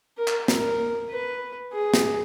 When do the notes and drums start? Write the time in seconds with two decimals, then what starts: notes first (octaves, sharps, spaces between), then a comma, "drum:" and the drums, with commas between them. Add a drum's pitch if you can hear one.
0.18 A#4
0.28 drum: clap
0.48 A#4, drum: snare
1.10 B4
1.73 G#4
1.94 drum: snare